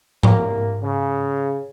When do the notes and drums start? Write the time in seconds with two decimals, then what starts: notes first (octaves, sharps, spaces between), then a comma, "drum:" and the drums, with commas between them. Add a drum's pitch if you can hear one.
0.23 C2 A#3, drum: tom G#2
0.83 C#3